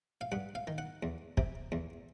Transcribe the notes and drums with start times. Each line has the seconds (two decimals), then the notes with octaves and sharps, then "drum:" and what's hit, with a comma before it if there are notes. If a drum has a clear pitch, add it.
0.21 F5
0.32 G2 F#5
0.55 F5
0.67 D#3
0.78 F#5
1.03 E2
1.37 C3, drum: kick
1.72 E2